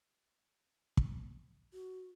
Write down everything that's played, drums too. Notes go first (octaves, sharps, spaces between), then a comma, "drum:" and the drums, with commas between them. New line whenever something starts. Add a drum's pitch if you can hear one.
drum: kick
F#4